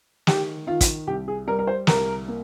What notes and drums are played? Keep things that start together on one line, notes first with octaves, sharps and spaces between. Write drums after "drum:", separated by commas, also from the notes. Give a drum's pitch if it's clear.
D#3 G4, drum: snare
D#3 F4
drum: kick, hi-hat
C2 G4
G#4
G3 A#4
A#4
C5
C2 A#4, drum: snare
A#3